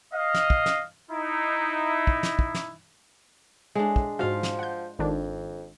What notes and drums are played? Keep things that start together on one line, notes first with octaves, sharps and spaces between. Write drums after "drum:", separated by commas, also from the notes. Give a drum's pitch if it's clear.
D#5 F5
drum: snare
drum: kick
drum: snare
D#4 E4
drum: kick
drum: snare
drum: kick
drum: snare
A2 G#3 D4
drum: kick
G#2 F3 F4 F#4 F5
drum: snare
F#5 G6
G#1 F2 D#3 D4